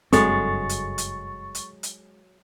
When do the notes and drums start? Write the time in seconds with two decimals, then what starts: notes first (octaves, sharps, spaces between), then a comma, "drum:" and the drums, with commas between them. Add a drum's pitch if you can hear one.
0.13 F#1 G2 F#3 G#3 C4 A4 C#6 A6, drum: hi-hat
0.69 drum: hi-hat
0.98 drum: hi-hat
1.55 drum: hi-hat
1.83 drum: hi-hat